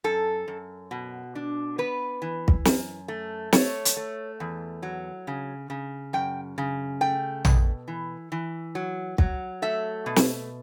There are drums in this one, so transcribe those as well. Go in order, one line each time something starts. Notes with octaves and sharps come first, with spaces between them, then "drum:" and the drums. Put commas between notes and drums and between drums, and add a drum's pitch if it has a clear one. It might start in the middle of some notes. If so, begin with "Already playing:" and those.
F#2 A4
F#2
B2
D4
B3 B4
E3
drum: kick
F#2, drum: snare
A3
A3 C#5, drum: snare
drum: hi-hat
A3
E2
F#3
C#3
C#3
F#2 G5
C#3
A3 G5
B2, drum: tom A#1
E3
E3
F#3
F#3, drum: kick
A3 E5
B2
drum: snare